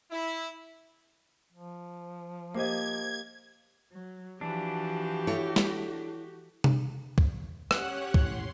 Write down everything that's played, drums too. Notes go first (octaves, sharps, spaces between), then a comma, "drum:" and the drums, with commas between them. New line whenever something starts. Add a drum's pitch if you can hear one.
E4
F3
A#3 G4 C5 D#5 G#6
F#3
E3 F3 D4 F#4 G4
E4 A4 C#5
drum: snare
drum: tom C3
drum: kick
C#4 G4 C#5 F#5 F#6, drum: rim click
A2 C6, drum: kick